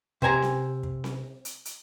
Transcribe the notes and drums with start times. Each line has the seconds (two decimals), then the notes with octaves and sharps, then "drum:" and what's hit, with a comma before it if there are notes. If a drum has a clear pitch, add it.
0.22 C3 C5 G#5 A#5, drum: kick
0.42 drum: snare C4
0.83 drum: kick
1.04 drum: snare C4
1.45 drum: hi-hat
1.65 drum: hi-hat